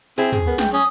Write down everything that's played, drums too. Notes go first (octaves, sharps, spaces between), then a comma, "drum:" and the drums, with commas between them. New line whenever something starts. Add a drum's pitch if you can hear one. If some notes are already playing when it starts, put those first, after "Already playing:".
C4 E4 G#4
G#4, drum: tom
B3 A#4
G5, drum: snare
C#4 D#6